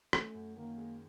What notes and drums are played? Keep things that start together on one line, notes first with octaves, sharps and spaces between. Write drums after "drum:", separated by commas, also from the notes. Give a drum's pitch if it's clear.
A3 C#4, drum: rim click
F#2
D#3 A#3
G#3